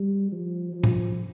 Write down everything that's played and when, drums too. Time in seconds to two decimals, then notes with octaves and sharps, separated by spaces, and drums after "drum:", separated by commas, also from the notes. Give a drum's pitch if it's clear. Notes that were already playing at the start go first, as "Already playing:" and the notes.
Already playing: G3
0.32 F3
0.72 F3
0.84 drum: tom A2